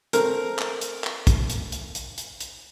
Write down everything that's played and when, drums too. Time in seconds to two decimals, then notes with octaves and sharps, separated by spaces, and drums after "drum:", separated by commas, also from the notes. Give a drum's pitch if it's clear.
0.13 A3 C4 A#4, drum: hi-hat
0.59 drum: clap
0.81 drum: hi-hat
1.04 drum: clap
1.27 drum: kick, hi-hat
1.50 drum: hi-hat
1.72 drum: hi-hat
1.95 drum: hi-hat
2.18 drum: hi-hat
2.40 drum: hi-hat